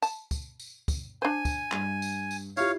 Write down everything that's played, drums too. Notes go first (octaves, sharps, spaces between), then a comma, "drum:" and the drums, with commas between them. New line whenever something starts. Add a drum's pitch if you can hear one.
A5, drum: tambourine
drum: kick, tambourine
drum: tambourine
drum: kick, tambourine
D4 C5 G#5
drum: kick, tambourine
G2, drum: clap
drum: tambourine
drum: tambourine
E4 F4 G4 C#5 F5, drum: tambourine